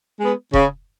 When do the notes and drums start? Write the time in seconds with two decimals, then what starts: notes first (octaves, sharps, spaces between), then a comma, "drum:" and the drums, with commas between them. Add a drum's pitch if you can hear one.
0.19 G#3 B3
0.54 C#3, drum: kick E1